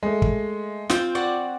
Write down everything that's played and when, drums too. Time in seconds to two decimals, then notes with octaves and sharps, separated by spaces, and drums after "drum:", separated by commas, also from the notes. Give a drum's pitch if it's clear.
0.03 G#3 A3
0.22 drum: kick
0.90 C4 F4 G5, drum: snare
1.15 F#4 D5 F#5